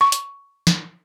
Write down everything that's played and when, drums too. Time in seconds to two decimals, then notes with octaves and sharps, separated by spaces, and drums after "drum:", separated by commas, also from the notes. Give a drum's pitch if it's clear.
0.01 C#6
0.12 drum: hi-hat
0.67 drum: snare